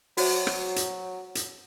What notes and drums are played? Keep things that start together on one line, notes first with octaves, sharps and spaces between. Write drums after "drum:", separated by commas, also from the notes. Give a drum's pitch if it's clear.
F#3 F#4 C5 C#5, drum: open hi-hat
drum: rim click
drum: hi-hat
drum: hi-hat